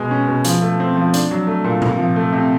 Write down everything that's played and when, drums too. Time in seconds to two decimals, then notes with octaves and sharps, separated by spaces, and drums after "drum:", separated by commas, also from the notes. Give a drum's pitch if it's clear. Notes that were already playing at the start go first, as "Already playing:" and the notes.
Already playing: B2 G#3
0.11 C#4
0.28 B2
0.44 F3, drum: hi-hat
0.62 A3
0.80 C4
0.97 F3
1.14 D4, drum: hi-hat
1.31 F#3
1.47 A3
1.64 A#2
1.82 C3, drum: tom
1.98 F3
2.16 A3
2.33 C3